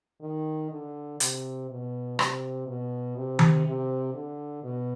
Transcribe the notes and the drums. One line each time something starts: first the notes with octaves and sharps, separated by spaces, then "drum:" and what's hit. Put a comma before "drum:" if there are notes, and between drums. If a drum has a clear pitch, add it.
D#3
D3
C3, drum: hi-hat
B2
C3, drum: rim click
B2
C3
drum: tom D#3
C3
D3
B2